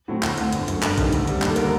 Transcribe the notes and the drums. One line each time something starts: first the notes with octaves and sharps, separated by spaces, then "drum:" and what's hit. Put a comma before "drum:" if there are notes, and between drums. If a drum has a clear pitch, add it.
A2 F#3 A3 C4
D2, drum: clap
D3 A3 C4, drum: hi-hat
G1, drum: hi-hat
F#2 F#3, drum: hi-hat
G2 A4, drum: clap
D#3 G3 C4, drum: kick A#1, hi-hat
D2, drum: hi-hat
C3 G3, drum: hi-hat
D#2, drum: clap
A4
D3 G3 A#3 A#4, drum: hi-hat